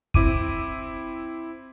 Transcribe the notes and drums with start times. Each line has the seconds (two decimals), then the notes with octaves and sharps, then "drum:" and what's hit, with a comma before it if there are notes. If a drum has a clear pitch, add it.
0.14 C4 E4 D6 D#7, drum: kick